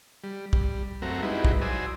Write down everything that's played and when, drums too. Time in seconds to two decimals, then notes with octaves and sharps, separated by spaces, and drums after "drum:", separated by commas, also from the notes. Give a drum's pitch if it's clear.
0.24 G3
0.53 G3, drum: kick
1.02 F#2 A3 C4 F#4 A#5
1.22 G3 G#3 D#4 E4 F#4 B4
1.45 drum: kick
1.62 F#3 C5 D5 G#5 D#6 E6